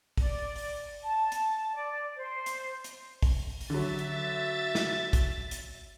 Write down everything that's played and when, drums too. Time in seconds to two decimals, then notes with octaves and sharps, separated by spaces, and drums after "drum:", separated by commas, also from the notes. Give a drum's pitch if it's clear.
0.17 D5, drum: kick, open hi-hat
0.56 drum: open hi-hat
1.03 A5
1.32 drum: hi-hat
1.73 D5
2.16 C5
2.46 drum: hi-hat
2.84 drum: hi-hat
3.23 drum: kick, open hi-hat
3.61 drum: open hi-hat
3.70 D3 F#3 E5 A6
3.99 drum: hi-hat
4.75 drum: snare
5.13 drum: kick, hi-hat
5.51 drum: hi-hat